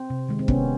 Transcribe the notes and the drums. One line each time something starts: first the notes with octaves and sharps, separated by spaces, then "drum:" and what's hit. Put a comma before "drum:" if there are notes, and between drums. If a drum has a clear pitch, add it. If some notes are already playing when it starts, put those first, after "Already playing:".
Already playing: C4
C3
D#3 G#3
C4
C3 B3 C#4, drum: kick